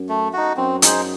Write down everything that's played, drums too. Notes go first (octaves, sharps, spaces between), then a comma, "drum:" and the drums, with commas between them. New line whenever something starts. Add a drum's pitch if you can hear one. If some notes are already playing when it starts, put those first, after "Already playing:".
Already playing: F#2
A3
D#4 F#4
F#2 C4
D#4 G#4 C5, drum: hi-hat